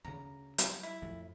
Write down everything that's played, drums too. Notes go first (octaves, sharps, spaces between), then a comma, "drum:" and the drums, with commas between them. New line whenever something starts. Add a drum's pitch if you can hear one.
D2 C#3 A#5
F#3 G3, drum: hi-hat
E4
F2 A2 F3